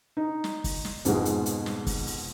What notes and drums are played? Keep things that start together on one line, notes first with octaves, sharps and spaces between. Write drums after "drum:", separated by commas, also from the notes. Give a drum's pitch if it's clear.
D#4
drum: snare
drum: kick, open hi-hat
drum: snare
F2 G#2 B2 G#3, drum: hi-hat
drum: hi-hat
drum: hi-hat
drum: snare
drum: kick, open hi-hat
drum: open hi-hat